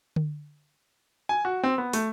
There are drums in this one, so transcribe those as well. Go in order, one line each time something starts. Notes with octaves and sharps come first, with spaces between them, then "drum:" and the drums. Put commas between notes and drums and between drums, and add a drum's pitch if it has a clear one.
drum: tom D3
G#5
F#4
C4
B3
A3, drum: open hi-hat